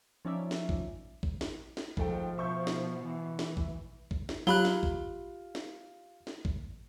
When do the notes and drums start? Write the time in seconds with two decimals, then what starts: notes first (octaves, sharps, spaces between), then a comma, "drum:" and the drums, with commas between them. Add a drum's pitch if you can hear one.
0.25 F3 C#4 D#4 D5 E5
0.51 drum: snare
0.69 drum: kick A1
1.23 drum: kick A1
1.41 drum: snare
1.77 drum: snare
1.97 G#2 F3 A3 G5, drum: kick A1
2.38 B2 E5 C#6 G6
2.67 drum: snare
3.01 E3
3.39 drum: snare
3.57 drum: kick A1
4.11 drum: kick A1
4.29 drum: snare
4.47 F#3 F4 G4 B5 F#6 G7
4.65 drum: snare
4.83 drum: kick A1
5.55 drum: snare
6.27 drum: snare
6.45 drum: kick A1